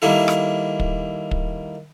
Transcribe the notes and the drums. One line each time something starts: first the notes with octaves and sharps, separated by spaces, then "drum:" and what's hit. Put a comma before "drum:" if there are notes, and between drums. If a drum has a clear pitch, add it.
D#3 G3 A#3 E4 A4
drum: rim click
drum: kick
drum: kick